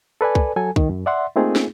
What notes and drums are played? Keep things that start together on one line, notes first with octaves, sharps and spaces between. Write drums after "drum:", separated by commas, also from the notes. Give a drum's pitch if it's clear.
A4 B4 D5 G#5
drum: kick C2
F#3 A4 G#5
D#3, drum: kick C2
F#2
D5 E5 F#5 C6
A3 A#3 C4 D#4 F4 G#4
drum: snare